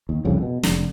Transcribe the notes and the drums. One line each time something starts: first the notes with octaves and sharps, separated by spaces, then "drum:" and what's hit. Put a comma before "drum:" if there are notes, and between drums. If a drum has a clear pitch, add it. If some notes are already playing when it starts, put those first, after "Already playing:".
D#2
C2 F2 C#3
B2
F1 D3, drum: snare